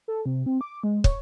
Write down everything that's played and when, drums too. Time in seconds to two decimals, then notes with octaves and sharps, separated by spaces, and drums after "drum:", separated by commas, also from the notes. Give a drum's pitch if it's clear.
0.08 A4
0.26 C3
0.46 C4
0.61 D6
0.83 G#3
1.04 C#5, drum: kick